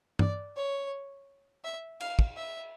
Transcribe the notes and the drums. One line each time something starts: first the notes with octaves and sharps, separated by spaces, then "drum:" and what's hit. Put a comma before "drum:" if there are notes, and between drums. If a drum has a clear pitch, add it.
D5, drum: tom G2
C#5
E5
F5, drum: cymbal
drum: kick
E5